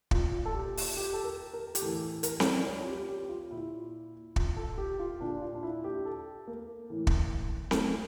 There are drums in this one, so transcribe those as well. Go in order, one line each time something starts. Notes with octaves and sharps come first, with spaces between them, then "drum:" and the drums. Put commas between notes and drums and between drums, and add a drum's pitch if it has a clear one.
A#2 F4, drum: kick
A4
G4
drum: open hi-hat
G4
A4
A#4
A#4
G4, drum: hi-hat
A2 E3 A4
A4
A#4, drum: hi-hat
C#5, drum: snare C4
D5
C#5
F4
G4
G4
F4
A#2 E4
F4, drum: kick
A4
G4
F4
A#2 D4
F4
D4
E4
G4
A4
A#3
A2 E3
drum: kick
A#3, drum: snare C4
A3